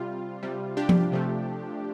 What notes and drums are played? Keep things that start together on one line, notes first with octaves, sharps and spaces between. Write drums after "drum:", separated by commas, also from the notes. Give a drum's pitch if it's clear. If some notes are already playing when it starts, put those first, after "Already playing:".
Already playing: C3 G3 F4
C3 G3
D4 G4
drum: tom F3
C3 F3 A3